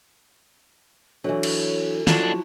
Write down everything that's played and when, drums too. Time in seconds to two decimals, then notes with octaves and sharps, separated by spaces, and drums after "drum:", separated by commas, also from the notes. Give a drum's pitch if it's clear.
1.24 E3 F#3 D4 A4 C#5
1.43 drum: cymbal
2.07 D#2 F3 F#3 D4 E4, drum: snare